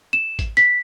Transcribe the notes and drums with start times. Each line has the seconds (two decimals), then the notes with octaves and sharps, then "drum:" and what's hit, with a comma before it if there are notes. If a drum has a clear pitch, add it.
0.13 E7
0.39 drum: kick G#1, hi-hat
0.57 B6, drum: hi-hat